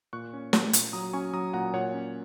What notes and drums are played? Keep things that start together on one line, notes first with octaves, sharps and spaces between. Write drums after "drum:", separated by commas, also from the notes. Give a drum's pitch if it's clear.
A#2 C#6 F#6
C#4
A#2, drum: snare
A#2, drum: hi-hat
F#3 A#5 D#6
C#4 G#5 C#6
F#3 A#5 D#6
A#2 F#5 A#5
A#2 C#5 F#5
C#4